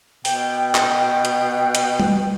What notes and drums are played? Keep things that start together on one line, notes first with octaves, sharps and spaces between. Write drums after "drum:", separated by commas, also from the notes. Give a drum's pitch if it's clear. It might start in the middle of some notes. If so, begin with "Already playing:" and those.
B2 G5, drum: open hi-hat
drum: clap
drum: hi-hat
drum: hi-hat
drum: tom G3